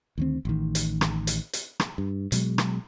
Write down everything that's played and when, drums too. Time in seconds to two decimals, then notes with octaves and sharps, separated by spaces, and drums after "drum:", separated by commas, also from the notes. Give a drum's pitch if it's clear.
0.18 D2 D#3 C4
0.45 A1 D#3
0.75 drum: hi-hat
1.01 drum: rim click
1.27 drum: hi-hat
1.53 drum: hi-hat
1.80 drum: rim click
1.98 G2
2.32 B2 F#3 G#3, drum: hi-hat
2.58 drum: rim click